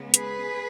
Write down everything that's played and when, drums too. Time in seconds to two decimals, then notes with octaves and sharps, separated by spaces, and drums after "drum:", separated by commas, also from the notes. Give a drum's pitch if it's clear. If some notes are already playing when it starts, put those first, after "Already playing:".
Already playing: C#3 G#3 B3
0.14 G#4 B4, drum: hi-hat